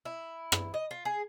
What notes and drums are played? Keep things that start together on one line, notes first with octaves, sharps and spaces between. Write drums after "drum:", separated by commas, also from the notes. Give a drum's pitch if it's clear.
E4
drum: rim click
D#5
F4
G#4